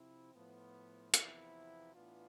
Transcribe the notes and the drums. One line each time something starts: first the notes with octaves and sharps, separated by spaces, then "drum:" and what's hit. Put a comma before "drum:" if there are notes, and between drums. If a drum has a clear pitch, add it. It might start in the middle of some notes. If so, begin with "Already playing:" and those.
Already playing: C3 F3 C4 E4
A2 F3 B3
E2 C3 F3 B3 E4, drum: hi-hat
A2 E3 B3 D4 F4